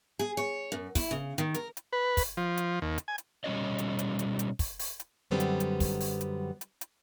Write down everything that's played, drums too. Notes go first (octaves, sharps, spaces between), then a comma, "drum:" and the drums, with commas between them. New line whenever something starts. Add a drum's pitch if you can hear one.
G#4
C#5
F#2
E4, drum: kick, open hi-hat
C#3
D#3, drum: hi-hat
A#4, drum: hi-hat
drum: hi-hat
B4
drum: kick, open hi-hat
F3
drum: hi-hat
D#2
drum: hi-hat
G#5
drum: hi-hat
B2 G3 A#3 C#4 C#5 D#5
drum: hi-hat
drum: hi-hat
drum: hi-hat
drum: hi-hat
drum: kick, open hi-hat
drum: open hi-hat
drum: hi-hat
F#2 D3 F#3 G3 B3 C4
drum: hi-hat
drum: hi-hat
drum: kick, open hi-hat
drum: open hi-hat
drum: hi-hat
drum: hi-hat
drum: hi-hat